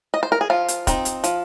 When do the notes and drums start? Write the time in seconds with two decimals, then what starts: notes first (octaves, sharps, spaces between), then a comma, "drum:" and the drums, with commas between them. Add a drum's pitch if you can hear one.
0.14 D#5
0.23 C5
0.32 A#4
0.41 G#4
0.50 F3 F4
0.68 drum: hi-hat
0.87 C4 D#4, drum: kick E1, hi-hat
1.05 drum: hi-hat
1.24 F3, drum: hi-hat